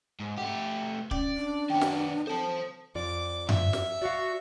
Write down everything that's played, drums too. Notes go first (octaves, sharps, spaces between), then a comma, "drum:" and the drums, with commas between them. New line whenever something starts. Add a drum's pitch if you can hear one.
G#2
A3 F4 G4 F#5
C#4 D5, drum: kick
D4
D#3 B3 G5 G#5
drum: snare
C4 A4 C5 A5
F2 F4 D5 D6
E5, drum: tom F#2
drum: snare
F#4 D5 F5